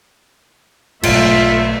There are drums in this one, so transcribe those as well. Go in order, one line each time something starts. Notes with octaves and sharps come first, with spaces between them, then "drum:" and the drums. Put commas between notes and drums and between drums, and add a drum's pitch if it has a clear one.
B1 G#2 A3 F4 E5, drum: cymbal